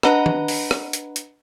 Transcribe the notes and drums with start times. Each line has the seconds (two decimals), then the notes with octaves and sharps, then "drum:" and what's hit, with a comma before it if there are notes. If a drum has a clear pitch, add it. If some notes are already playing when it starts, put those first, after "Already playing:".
0.03 D4 B4 D#5 F#5 A#5 B5, drum: rim click
0.26 drum: tom
0.48 drum: open hi-hat
0.71 drum: rim click
0.93 drum: hi-hat
1.16 drum: hi-hat